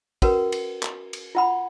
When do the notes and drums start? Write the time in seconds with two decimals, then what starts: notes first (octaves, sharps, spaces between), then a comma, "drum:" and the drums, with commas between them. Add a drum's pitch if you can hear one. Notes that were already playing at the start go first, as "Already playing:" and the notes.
0.22 C#4 F#4 A#4 B4, drum: kick, cymbal
0.52 drum: cymbal
0.83 drum: clap
1.13 drum: cymbal
1.35 F4 F#5 B5